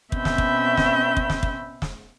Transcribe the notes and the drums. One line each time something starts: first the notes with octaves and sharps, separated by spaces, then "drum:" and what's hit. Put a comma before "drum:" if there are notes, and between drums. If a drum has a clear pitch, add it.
B2 C4 C#4 E5 B5 G6, drum: kick
drum: snare
drum: kick
drum: snare
drum: kick
drum: snare
drum: kick
drum: snare